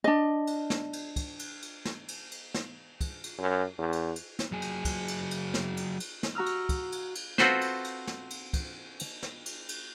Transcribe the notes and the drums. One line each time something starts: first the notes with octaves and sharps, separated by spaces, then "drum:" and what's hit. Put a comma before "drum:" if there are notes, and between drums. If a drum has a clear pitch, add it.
D4 D#5
drum: cymbal
drum: snare
drum: cymbal
drum: kick, cymbal
drum: cymbal
drum: cymbal
drum: snare
drum: cymbal
drum: cymbal
drum: snare
drum: kick, cymbal
drum: cymbal
F#2
E2
drum: cymbal
drum: cymbal
drum: snare
F#3 G#4
drum: cymbal
drum: kick, cymbal
drum: cymbal
drum: cymbal
drum: snare
drum: cymbal
drum: cymbal
drum: snare
F#4 A#5 E6 F6
drum: cymbal
drum: kick, cymbal
drum: cymbal
drum: cymbal
C4 F4 F#4 A4 B4 C5, drum: snare
drum: cymbal
drum: cymbal
drum: snare
drum: cymbal
drum: kick, cymbal
drum: cymbal
drum: snare
drum: cymbal
drum: cymbal